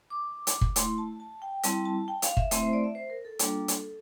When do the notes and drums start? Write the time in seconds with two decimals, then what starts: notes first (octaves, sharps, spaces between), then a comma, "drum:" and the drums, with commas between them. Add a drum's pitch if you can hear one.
0.10 D6
0.47 drum: hi-hat
0.61 drum: kick
0.76 A3 E4 C6, drum: hi-hat
0.98 A5
1.20 A5
1.42 G5
1.63 G3 C4 E4 A5, drum: hi-hat
1.85 A5
2.08 G5
2.22 F5, drum: hi-hat
2.37 E5, drum: kick
2.51 A3 C4 E4 E5, drum: hi-hat
2.62 C5
2.73 D5
2.84 E5
2.95 C5
3.10 A#4
3.25 A4
3.39 G3 A#3 D4 F4, drum: hi-hat
3.68 drum: hi-hat